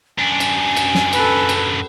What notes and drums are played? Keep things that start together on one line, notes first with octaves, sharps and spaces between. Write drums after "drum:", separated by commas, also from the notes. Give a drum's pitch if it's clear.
F#2 D4 G#5
drum: cymbal
drum: cymbal
drum: snare
A4 B4, drum: cymbal
drum: cymbal